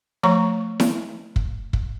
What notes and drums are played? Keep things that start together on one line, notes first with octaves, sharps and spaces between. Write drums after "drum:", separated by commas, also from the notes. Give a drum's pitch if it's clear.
F3 A3 C#5 A#5 C#6
drum: snare E4
drum: kick
drum: kick